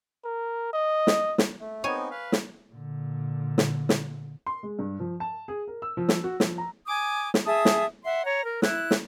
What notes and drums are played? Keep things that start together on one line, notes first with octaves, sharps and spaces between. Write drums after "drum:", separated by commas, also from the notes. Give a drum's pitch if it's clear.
A#4
D#5
drum: snare
drum: snare
A3
B3 C4 D#4 C#5 G#5
B4 F5
drum: snare
A#2 D3
drum: snare
drum: snare
C6
G#3
G2
F3
A5
G#4
A#4
E6
F3
drum: snare
F#4
F3, drum: snare
A#5
G#5 D6 D#6
drum: snare
G#4 E5 A5 D#6
drum: snare
E5 F#5 C6
C#5 A#5
A#4
E4 F#6, drum: snare
drum: snare